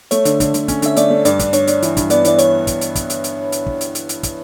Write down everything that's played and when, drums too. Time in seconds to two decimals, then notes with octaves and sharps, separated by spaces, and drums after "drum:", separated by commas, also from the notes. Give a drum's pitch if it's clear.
0.11 A3 C#5, drum: hi-hat
0.25 D3, drum: hi-hat
0.40 D3, drum: kick, hi-hat
0.54 D3, drum: hi-hat
0.68 C#4, drum: kick, hi-hat
0.82 D3 E5, drum: hi-hat
0.96 A3 D5, drum: hi-hat
1.10 A3
1.25 G2 D5, drum: hi-hat
1.39 D4, drum: kick, hi-hat
1.53 D4 C#5, drum: hi-hat
1.67 D4, drum: hi-hat
1.82 E3, drum: hi-hat
1.97 G2, drum: kick, hi-hat
2.10 B3 D5, drum: hi-hat
2.25 E3 D5, drum: hi-hat
2.38 C#5, drum: hi-hat
2.67 drum: kick, hi-hat
2.81 drum: hi-hat
2.95 drum: kick, hi-hat
3.10 drum: hi-hat
3.24 drum: hi-hat
3.52 drum: hi-hat
3.66 drum: kick
3.81 drum: hi-hat
3.95 drum: hi-hat
4.09 drum: hi-hat
4.23 drum: kick, hi-hat